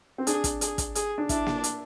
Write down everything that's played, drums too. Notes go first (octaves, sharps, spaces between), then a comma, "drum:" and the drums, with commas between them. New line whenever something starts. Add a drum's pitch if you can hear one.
C4
D4 G#4, drum: hi-hat
drum: kick, hi-hat
G#4, drum: hi-hat
drum: kick, hi-hat
G#4, drum: hi-hat
D4
D4 E4, drum: kick, hi-hat
drum: snare A#3
drum: hi-hat